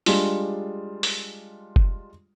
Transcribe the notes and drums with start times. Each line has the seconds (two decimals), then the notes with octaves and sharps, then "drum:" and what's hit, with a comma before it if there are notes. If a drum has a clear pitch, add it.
0.06 G3 G#3 D4 F4, drum: open hi-hat
1.03 drum: open hi-hat
1.76 drum: kick F#1